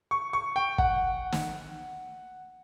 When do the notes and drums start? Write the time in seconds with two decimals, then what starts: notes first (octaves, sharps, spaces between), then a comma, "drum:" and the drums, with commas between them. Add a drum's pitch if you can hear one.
0.11 C#6
0.33 C#6
0.56 G5
0.78 F#5, drum: kick
1.32 drum: snare